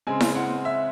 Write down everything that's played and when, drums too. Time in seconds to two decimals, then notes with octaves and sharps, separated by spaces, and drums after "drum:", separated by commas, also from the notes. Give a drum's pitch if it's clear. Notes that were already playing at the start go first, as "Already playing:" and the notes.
0.07 C#3 G#3 C4 G#5
0.21 drum: snare E4
0.35 F#5
0.65 E5